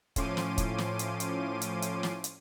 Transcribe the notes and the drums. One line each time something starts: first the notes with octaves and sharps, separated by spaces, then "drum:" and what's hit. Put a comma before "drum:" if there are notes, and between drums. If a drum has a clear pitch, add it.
A2 F3 C#4 C6 D6 D#7, drum: kick, hi-hat
drum: snare
drum: kick, hi-hat
drum: snare
drum: hi-hat
drum: hi-hat
drum: hi-hat
drum: hi-hat
drum: snare
drum: hi-hat